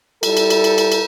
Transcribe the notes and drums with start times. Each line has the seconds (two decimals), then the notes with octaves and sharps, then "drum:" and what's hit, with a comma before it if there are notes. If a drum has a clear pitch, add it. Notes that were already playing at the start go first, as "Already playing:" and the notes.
0.23 G3 E4 A4, drum: cymbal
0.37 drum: cymbal
0.50 drum: cymbal
0.64 drum: cymbal
0.78 drum: cymbal
0.92 drum: cymbal